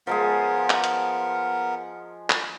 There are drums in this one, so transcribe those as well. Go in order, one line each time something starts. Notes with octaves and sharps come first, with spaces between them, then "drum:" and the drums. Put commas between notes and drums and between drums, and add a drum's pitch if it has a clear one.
F3 G#3 B3 G#4 A#4
drum: clap
drum: hi-hat
drum: clap